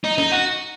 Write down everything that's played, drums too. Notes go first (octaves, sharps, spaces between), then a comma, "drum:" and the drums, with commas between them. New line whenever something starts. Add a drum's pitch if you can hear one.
D#4
D#4, drum: snare
F#4